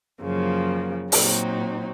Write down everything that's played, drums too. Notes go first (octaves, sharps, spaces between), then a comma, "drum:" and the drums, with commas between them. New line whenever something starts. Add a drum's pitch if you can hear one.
F#2 C#3 F3 A#3
A#2 F#3 C4 D#4, drum: open hi-hat